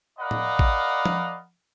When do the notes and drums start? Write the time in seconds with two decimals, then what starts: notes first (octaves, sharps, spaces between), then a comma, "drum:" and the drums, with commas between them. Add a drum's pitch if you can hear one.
0.19 A#4 D5 D#5 F5 F#5 B5
0.31 drum: tom A2
0.59 drum: kick A1
1.06 drum: tom